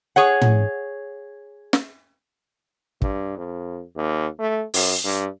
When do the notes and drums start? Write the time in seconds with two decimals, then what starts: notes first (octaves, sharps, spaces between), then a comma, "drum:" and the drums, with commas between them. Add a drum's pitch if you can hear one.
0.16 G#4 C#5 F#5
0.42 drum: tom
1.73 drum: snare
3.02 G2, drum: kick
3.37 F2
3.96 D#2
4.39 A3
4.74 F#2, drum: open hi-hat
5.05 G2